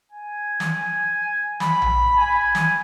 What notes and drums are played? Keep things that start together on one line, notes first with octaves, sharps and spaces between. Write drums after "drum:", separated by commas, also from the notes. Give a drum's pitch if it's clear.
G#5
drum: snare
B5, drum: snare
drum: tom A#1
G#5
drum: snare